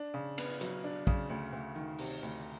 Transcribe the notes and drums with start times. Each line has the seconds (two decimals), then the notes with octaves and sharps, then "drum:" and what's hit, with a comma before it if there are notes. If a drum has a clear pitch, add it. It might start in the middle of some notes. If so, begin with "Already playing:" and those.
Already playing: D4
0.14 C#3
0.38 B3, drum: cymbal
0.61 F#3, drum: hi-hat
0.84 D4
1.07 C#3, drum: kick
1.30 D2
1.53 D2
1.75 D#3
1.99 C3, drum: open hi-hat
2.23 D2